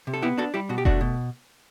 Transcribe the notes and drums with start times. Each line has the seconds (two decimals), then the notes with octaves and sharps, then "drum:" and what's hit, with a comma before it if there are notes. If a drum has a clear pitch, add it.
0.07 C3
0.14 A4
0.22 B3 E4 G4
0.38 D4 F#4 A4
0.54 G3 E4 G4
0.69 B2 F#4
0.78 G4
0.85 A3 D4 F#4, drum: kick F1
1.01 B2